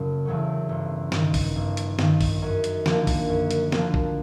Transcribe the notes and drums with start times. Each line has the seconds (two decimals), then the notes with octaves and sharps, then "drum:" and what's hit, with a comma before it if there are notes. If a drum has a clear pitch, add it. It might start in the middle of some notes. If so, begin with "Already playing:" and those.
Already playing: F#1 C#3 F#3
0.25 E2 C#3 F#3 A3
0.69 G1
1.12 G2 D#3, drum: snare
1.34 drum: kick A#1, open hi-hat
1.56 G1
1.77 drum: hi-hat
1.99 G2 D#3, drum: snare
2.21 drum: kick A#1, open hi-hat
2.42 F#2
2.64 drum: hi-hat
2.86 D3 F3 A#3, drum: snare
3.07 drum: kick A#1, open hi-hat
3.29 F#2
3.51 drum: hi-hat
3.72 D3 F3 A#3, drum: snare
3.94 drum: kick A#1